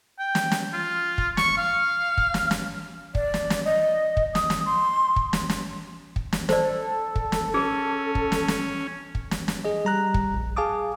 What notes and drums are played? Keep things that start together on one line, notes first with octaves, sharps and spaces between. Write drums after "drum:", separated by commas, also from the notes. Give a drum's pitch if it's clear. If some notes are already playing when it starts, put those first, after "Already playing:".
G5
drum: snare
drum: snare
F4
drum: kick
C#6, drum: snare
F5
drum: kick
drum: snare
drum: snare
D5, drum: kick
drum: snare
drum: snare
D#5
drum: kick
D#6, drum: snare
drum: snare
C6
drum: kick
drum: snare
drum: snare
drum: kick
drum: snare
A4 C5 D5, drum: snare
drum: kick
drum: snare
C#4 G#4 A#4
drum: kick
drum: snare
drum: snare
drum: kick
drum: snare
drum: snare
G#4 D#5
G3 A#5 F#6
drum: kick
A#1
G#4 F5 G#5 A5 D6 D#6